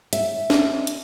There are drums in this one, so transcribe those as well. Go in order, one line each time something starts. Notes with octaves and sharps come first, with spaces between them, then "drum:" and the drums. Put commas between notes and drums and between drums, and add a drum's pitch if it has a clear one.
E5, drum: hi-hat
drum: snare
drum: hi-hat